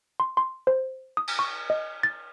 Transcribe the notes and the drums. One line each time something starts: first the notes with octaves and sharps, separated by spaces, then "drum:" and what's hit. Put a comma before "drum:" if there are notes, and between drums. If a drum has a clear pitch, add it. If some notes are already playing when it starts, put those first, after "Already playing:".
C6
C6
C5
D#6
drum: cymbal
C#6
D#5
A6